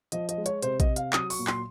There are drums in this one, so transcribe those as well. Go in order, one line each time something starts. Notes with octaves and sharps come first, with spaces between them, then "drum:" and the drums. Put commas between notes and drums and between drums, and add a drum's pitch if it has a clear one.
F3 D#5, drum: hi-hat
D#5, drum: hi-hat
G#3
C#5, drum: hi-hat
C3 C5, drum: hi-hat
D#5, drum: kick A#1, hi-hat
C3
F5, drum: hi-hat
F#3 D#6, drum: clap
C#6, drum: open hi-hat
A#2
C6, drum: clap